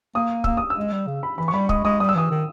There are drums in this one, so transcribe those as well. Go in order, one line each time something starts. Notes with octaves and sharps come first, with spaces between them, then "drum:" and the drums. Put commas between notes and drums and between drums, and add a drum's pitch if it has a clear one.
A#3 D#6
A#3 E6, drum: kick
D#6
E6
G#3
G3
C#3
B5
E3 B5
C#6
G3 B5
G#3 D#6, drum: kick
G#3 D#6
G3 D#6
E6
E3 D#6
D#3